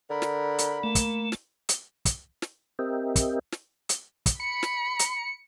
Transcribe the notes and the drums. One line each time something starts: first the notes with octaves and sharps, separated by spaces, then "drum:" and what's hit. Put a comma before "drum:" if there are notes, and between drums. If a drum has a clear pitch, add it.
D3 A#4 B5
drum: snare
drum: hi-hat
A3 A#3
drum: kick, hi-hat
drum: snare
drum: hi-hat
drum: kick, hi-hat
drum: snare
C4 G4 A#4 D#5 E5 G5
drum: kick, hi-hat
drum: snare
drum: hi-hat
drum: kick, hi-hat
B5 C#7
drum: snare
drum: hi-hat